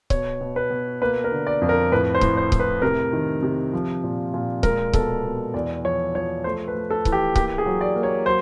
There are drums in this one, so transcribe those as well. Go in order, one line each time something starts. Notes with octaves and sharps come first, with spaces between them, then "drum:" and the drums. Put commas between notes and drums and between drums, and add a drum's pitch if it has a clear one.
B2 C#5, drum: kick C#1
B2
B4
B2
A#3 B4
A#4
D3
D5
F2
A#4
A2 B4
C5
A2, drum: kick C#1
C5
A2, drum: kick C#1
B4
C3 A#4
D#3
C3
F3
A#2
A#2
G#3 A#4, drum: kick C#1
B2 A4, drum: kick C#1
B2
E2 D5
F3 C#5
F3 C#5
A3 C5
B4
A3
A4
E3, drum: kick C#1
G4
A#3 G4, drum: kick C#1
G#4
F#3
D5
A#3
C#5
F#3 C5